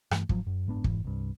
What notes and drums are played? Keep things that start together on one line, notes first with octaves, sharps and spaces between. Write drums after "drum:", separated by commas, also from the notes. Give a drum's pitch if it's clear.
G2 E3 F3 A3, drum: rim click
G#2 F3 F#3, drum: kick
F#2
F#1 G#2 B3 D4
F1 D#2 G#2 E3, drum: kick
C2 G2